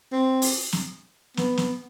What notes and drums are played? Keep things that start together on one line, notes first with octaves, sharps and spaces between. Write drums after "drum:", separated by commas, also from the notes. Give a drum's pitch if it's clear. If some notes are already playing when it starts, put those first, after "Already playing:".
C4
drum: open hi-hat
drum: snare
B3, drum: snare
drum: snare